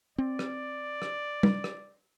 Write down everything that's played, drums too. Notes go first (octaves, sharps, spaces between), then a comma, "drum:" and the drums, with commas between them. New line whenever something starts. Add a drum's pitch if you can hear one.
C4 D5
drum: rim click
drum: rim click
drum: tom
drum: rim click